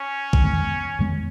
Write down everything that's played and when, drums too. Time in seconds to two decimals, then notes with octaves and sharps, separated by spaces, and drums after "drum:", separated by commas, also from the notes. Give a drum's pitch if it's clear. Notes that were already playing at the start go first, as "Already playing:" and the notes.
Already playing: C#4
0.33 drum: kick A#1
0.43 F2 D#3 G#3 B3
0.99 F2 D#3 G#3 B3